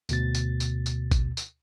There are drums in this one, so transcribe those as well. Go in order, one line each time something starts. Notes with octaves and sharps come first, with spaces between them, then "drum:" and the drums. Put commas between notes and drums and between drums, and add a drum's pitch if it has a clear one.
D2 B2 A6, drum: tambourine
drum: tambourine
drum: tambourine
drum: tambourine
drum: kick A1, tambourine
drum: tambourine